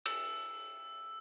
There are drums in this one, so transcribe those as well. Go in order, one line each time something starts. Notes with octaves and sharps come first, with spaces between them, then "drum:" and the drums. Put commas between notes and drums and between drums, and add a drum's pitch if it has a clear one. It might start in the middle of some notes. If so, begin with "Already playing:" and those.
E6, drum: cymbal